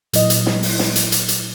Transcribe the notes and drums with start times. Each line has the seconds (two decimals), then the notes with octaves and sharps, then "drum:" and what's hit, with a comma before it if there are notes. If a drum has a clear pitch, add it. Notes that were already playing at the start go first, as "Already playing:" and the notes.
0.13 A#2 F#3 E4 D#5, drum: hi-hat
0.30 drum: hi-hat
0.46 drum: snare
0.63 drum: open hi-hat
0.79 drum: snare
0.96 drum: hi-hat
1.12 drum: hi-hat
1.28 drum: hi-hat